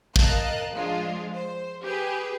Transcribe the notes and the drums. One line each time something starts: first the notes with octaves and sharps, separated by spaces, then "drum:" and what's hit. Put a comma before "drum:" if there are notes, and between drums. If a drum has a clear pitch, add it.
A#4 D#5 F5 A5 F#6, drum: kick
F3 G#3 D4 F4
C5
G4 G#4 B4